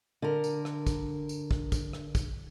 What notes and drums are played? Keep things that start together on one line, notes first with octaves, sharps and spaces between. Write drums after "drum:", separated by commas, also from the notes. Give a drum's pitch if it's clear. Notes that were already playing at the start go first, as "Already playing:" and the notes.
D3 A#4
drum: tambourine
drum: rim click
drum: kick, tambourine
drum: tambourine
drum: kick
drum: kick, tambourine
drum: rim click
drum: kick, tambourine